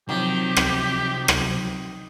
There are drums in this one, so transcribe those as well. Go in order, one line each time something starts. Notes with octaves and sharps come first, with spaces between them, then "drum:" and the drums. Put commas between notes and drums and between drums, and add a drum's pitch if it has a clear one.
C3 D#3 F3 F#3 G4
drum: rim click
drum: rim click